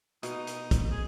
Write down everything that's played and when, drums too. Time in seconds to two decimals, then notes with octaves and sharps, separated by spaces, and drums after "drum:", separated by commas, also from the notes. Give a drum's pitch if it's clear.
0.23 B2 D#4, drum: hi-hat
0.47 drum: hi-hat
0.71 drum: kick, hi-hat
0.91 G#4